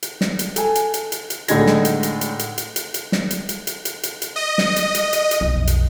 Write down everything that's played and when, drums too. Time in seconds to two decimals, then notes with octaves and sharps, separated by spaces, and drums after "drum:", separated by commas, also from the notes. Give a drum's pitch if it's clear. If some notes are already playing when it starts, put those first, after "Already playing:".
0.03 drum: hi-hat
0.21 drum: snare
0.39 drum: hi-hat
0.56 A4 G#5, drum: hi-hat
0.75 drum: hi-hat
0.94 drum: hi-hat
1.12 drum: hi-hat
1.30 drum: hi-hat
1.48 A2 D3 G#3 D#4 G#6 A#6, drum: hi-hat
1.67 drum: snare
1.85 drum: hi-hat
2.03 drum: hi-hat
2.21 drum: hi-hat
2.39 drum: hi-hat
2.58 drum: hi-hat
2.76 drum: hi-hat
2.94 drum: hi-hat
3.12 drum: snare
3.31 drum: hi-hat
3.49 drum: hi-hat
3.67 drum: hi-hat
3.85 drum: hi-hat
4.03 drum: hi-hat
4.22 drum: hi-hat
4.36 D#5
4.58 drum: snare
4.76 drum: hi-hat
4.95 drum: hi-hat
5.13 drum: hi-hat
5.31 drum: hi-hat
5.41 B1 F2
5.67 drum: hi-hat